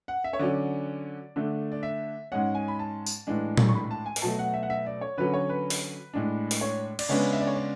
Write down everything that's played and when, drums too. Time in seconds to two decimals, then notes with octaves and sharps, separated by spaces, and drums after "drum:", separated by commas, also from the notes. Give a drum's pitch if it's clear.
0.08 F#5
0.24 E5
0.33 C#5
0.39 D3 F#3 C#4 D5
1.36 D3 A3 D4
1.72 D5
1.83 E5
2.32 G#2 G#3 C#4 F#5
2.55 G#5
2.68 B5
2.79 A5
3.06 drum: tambourine
3.27 A2 E3 G#3 D4
3.57 drum: tom A#2
3.69 C#6
3.75 B5
3.91 A5
4.06 G#5
4.16 G#5, drum: open hi-hat
4.22 B2 F#3 A3 A5
4.39 F#5
4.54 E5
4.63 F#5
4.70 E5
4.86 D5
5.01 C#5
5.18 D3 F#3 C#4 B4
5.34 C#5
5.49 B4
5.70 drum: open hi-hat
6.13 A2 G#3 D4
6.51 drum: open hi-hat
6.61 C#5
6.99 D5, drum: cymbal
7.09 C#3 G#3 B3 D4 C#5
7.33 E5
7.40 D5
7.47 C#5
7.55 D5